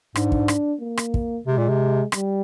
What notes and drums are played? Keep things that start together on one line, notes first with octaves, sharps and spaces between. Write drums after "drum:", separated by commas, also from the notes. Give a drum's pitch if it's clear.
G#2 D4, drum: rim click
drum: kick
drum: rim click
A#3
drum: rim click
drum: kick
C3 G#3
A#2
C3
G3, drum: rim click